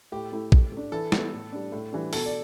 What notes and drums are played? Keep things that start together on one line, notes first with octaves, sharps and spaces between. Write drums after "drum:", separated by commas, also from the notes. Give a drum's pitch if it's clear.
A2 G4
A3 E4
A2, drum: kick
A3 D4
E3 A4
G3 B3, drum: snare
A2
G3 D4
A2
E3 G3 D4
B2 A4, drum: open hi-hat
D5